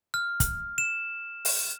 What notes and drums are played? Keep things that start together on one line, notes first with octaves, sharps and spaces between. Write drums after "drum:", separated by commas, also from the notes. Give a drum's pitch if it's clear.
F6
drum: kick, hi-hat
E7
drum: open hi-hat